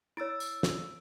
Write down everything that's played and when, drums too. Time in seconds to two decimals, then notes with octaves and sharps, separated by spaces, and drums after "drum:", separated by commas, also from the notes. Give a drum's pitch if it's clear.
0.17 E4 C#5 E6 A6 D7
0.40 drum: tambourine
0.63 drum: snare